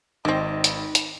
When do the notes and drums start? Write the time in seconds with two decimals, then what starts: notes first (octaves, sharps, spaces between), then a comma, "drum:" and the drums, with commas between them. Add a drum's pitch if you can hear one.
0.25 G#1 D#3 C4 G4 D#5 A#6
0.64 B4, drum: hi-hat
0.95 drum: hi-hat